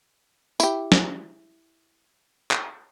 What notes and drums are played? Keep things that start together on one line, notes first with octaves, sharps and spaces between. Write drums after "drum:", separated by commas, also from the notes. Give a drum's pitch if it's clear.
E4 G4, drum: tambourine
drum: snare
drum: clap